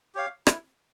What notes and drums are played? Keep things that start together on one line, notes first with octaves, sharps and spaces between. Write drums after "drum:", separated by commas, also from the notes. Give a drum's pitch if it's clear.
G4 C#5 F5
E4, drum: rim click